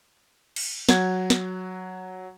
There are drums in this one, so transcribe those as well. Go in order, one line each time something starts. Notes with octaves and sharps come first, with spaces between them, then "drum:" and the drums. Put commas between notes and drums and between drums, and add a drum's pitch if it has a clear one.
drum: cymbal
F#3 F#5 G#6, drum: snare
drum: snare